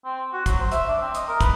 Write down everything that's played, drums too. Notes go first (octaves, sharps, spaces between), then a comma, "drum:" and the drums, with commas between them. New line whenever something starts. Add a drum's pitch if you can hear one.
C4
F#4
F#3, drum: kick, hi-hat
C5
E5, drum: hi-hat
D4
C4
D#5, drum: hi-hat
A#4
B4, drum: kick, hi-hat